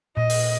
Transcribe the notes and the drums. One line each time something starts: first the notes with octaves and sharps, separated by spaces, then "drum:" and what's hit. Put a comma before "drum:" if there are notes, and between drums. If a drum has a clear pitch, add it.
A#2 D#5
drum: open hi-hat